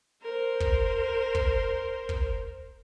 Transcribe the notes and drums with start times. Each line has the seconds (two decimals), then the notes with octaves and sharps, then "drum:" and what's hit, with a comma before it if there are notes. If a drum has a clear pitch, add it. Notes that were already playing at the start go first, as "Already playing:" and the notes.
0.23 A#4 C5
0.60 drum: kick
1.35 drum: kick
2.09 drum: kick